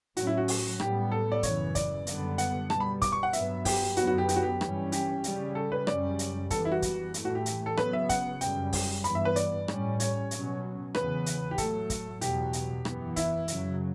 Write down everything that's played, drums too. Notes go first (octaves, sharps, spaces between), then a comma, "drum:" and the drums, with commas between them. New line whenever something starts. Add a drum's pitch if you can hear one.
A2 F#3 C#4 F#4, drum: hi-hat
E4
F#4
drum: open hi-hat
A2 G3 B3 G4, drum: rim click
A4
D5
F#2 C#3 E3 C#5, drum: kick, hi-hat
D5, drum: kick, hi-hat
F#2 D3 G3 B3, drum: hi-hat
F#5, drum: hi-hat
B2 G3 B3 A5, drum: rim click
B5
D6, drum: kick, hi-hat
C#6
F#5
G2 F#3 B3 E5, drum: hi-hat
G4, drum: kick, open hi-hat
F#2 D3 F#3 B3 F#4, drum: hi-hat
F#4
G4
G4, drum: hi-hat
F#4
G4
G2 E3 G3 C#4, drum: rim click
G4, drum: hi-hat
C#3 G3 C#4, drum: hi-hat
A4
B4
F#2 C#3 G3 C#4 D5, drum: rim click
drum: hi-hat
F#2 E3 G3 B3 A4, drum: kick, hi-hat
E4
F#4
drum: kick, hi-hat
A2 E3 A3, drum: hi-hat
F#4
G4
drum: hi-hat
A4
C#3 F#3 B3 B4, drum: rim click
E5
F#5, drum: kick, hi-hat
F#2 C#3 G3 G5, drum: hi-hat
drum: kick, open hi-hat
G2 E3 B3 B5, drum: hi-hat
E5
B4
D5, drum: hi-hat
A2 G3 C#4, drum: rim click
C#5, drum: hi-hat
B2 F#3 C#4, drum: hi-hat
E2 C#3 E3 B3 B4, drum: rim click
drum: hi-hat
G4
A2 F#3 A3 A4, drum: kick, hi-hat
drum: kick, hi-hat
E2 B2 F#3 G4, drum: hi-hat
drum: hi-hat
F#2 E3 B3, drum: rim click
E4, drum: kick, hi-hat
F#2 C#3 F#3, drum: hi-hat